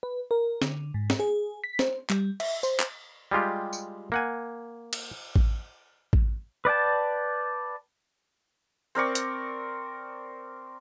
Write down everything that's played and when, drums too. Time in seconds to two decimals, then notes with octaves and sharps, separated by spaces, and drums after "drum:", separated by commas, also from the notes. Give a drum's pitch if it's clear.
0.03 B4
0.31 A#4
0.62 D3, drum: snare
0.94 G#2
1.10 drum: snare
1.19 G#4
1.64 B6
1.79 C5, drum: snare
2.10 G3, drum: clap
2.40 E5, drum: cymbal
2.63 C5, drum: tambourine
2.80 drum: clap
3.31 G3 G#3 F4 G4
3.73 drum: tambourine
4.12 A#3 F#5 G#5
4.93 drum: cymbal
5.36 drum: kick A1
6.13 drum: kick A1
6.65 B4 D5 G5 A5
8.95 C4 A#4 D5 C#6
9.15 drum: hi-hat